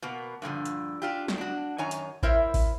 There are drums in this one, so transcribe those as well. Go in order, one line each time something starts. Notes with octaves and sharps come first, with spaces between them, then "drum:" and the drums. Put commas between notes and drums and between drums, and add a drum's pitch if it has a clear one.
B2 A#3 B3
G2 A#2 D3 F3
drum: hi-hat
D4 F4 G4
drum: snare
D4 F#4
F#2 D#3 C#5 G#5 A#5
drum: hi-hat
E4 A#4 C5 C#5 E5, drum: kick A1
drum: kick A1, open hi-hat